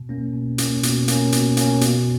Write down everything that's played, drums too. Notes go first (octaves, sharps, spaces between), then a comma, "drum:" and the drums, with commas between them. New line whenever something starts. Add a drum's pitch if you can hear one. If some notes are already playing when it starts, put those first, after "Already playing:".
Already playing: B2
A#3 C#4
B2
A#3 C#4, drum: hi-hat
B2, drum: hi-hat
A#3 C#4, drum: hi-hat
B2, drum: hi-hat
A#3 C#4, drum: hi-hat
B2, drum: hi-hat